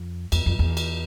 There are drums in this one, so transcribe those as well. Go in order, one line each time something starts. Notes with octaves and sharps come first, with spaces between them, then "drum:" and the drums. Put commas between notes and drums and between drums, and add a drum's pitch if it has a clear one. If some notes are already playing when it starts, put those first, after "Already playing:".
Already playing: F2
E2, drum: cymbal
F2
E2
drum: cymbal